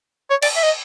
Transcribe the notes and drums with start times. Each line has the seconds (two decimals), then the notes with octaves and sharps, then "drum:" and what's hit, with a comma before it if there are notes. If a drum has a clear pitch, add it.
0.30 C#5
0.42 D5, drum: cymbal
0.56 E5
0.63 D#5